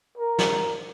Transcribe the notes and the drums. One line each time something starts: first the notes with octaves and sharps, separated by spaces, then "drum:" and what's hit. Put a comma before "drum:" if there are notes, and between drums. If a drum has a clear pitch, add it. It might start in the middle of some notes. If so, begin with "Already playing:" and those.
A#4
drum: snare